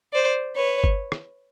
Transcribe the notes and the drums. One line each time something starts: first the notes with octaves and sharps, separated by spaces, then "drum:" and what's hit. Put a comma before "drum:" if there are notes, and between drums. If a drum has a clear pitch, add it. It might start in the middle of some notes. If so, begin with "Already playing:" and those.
C5 D5
B4 C#5
drum: kick G1
drum: rim click